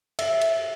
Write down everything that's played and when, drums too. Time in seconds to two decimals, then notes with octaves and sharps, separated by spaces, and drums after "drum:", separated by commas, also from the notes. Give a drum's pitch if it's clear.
0.19 E5, drum: cymbal
0.42 drum: cymbal